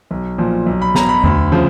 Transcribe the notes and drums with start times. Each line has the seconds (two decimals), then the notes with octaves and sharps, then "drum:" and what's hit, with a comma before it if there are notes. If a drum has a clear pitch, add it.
0.11 B1
0.38 A#2 F3
0.66 B1
0.82 B5
0.95 B2 F#3 A#5, drum: snare
1.09 B5
1.24 D2, drum: tom E2
1.52 C#3 F3